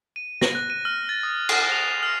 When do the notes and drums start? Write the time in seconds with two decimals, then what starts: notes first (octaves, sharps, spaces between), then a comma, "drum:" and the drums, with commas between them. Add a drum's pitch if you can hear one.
0.16 D#7
0.41 A#6, drum: snare
0.55 F#6
0.70 D#7
0.85 F6
1.09 A6
1.23 D#6
1.49 C7, drum: cymbal
1.72 F7
2.03 F6